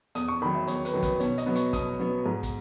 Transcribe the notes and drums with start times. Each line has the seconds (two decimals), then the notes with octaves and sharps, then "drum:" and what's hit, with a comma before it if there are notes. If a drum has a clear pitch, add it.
0.15 E2 D#6, drum: hi-hat
0.28 C#6
0.42 D#3 F#3 B5
0.55 E5
0.68 E2 C#5, drum: hi-hat
0.85 B4, drum: hi-hat
0.93 D#3 F#3
1.03 B4, drum: kick, hi-hat
1.20 B2 C#5, drum: hi-hat
1.38 D#5, drum: hi-hat
1.46 F#3 B3
1.56 C#6, drum: hi-hat
1.73 B2 D#6, drum: kick, hi-hat
1.99 F#3 B3
2.26 G#2
2.43 drum: kick, hi-hat